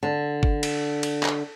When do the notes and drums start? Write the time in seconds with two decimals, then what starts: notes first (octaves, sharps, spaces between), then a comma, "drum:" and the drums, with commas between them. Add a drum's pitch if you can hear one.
0.03 D3
0.43 drum: kick G1
0.63 drum: cymbal
1.03 drum: cymbal
1.23 drum: clap